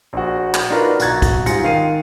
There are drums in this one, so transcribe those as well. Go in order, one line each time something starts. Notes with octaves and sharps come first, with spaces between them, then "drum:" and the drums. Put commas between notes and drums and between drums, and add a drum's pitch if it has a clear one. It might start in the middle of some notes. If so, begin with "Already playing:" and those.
A#1 F#4
drum: clap
D4 D#4 F4 F#4 A#4 B4
B1 F#4 A#5 F#6 G#6 A6, drum: hi-hat
drum: kick, hi-hat
G#2 G3 F4 G#5 A#6 C#7, drum: hi-hat
D#3 F5 G5 C7 D#7